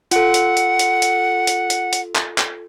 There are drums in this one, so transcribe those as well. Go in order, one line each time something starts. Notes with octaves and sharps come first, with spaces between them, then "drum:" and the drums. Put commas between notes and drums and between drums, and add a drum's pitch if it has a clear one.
F4 A4 F#5, drum: hi-hat
drum: hi-hat
drum: hi-hat
drum: hi-hat
drum: hi-hat
drum: hi-hat
drum: hi-hat
drum: hi-hat
drum: clap
drum: clap